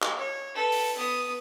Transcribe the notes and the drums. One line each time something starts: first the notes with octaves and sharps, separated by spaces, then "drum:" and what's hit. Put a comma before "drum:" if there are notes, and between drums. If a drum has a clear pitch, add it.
drum: clap
C#5
A4 B4
drum: open hi-hat
B3 D#6